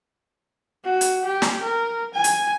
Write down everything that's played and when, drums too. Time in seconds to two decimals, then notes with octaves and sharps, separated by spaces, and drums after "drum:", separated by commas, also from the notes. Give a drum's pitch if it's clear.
0.84 F#4
1.01 drum: hi-hat
1.25 G4
1.42 drum: snare
1.62 A#4
2.14 G#5
2.24 drum: hi-hat